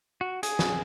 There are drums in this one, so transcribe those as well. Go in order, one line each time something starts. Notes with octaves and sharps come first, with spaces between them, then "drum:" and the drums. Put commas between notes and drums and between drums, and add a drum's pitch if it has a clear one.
F#4
G#4, drum: hi-hat
drum: snare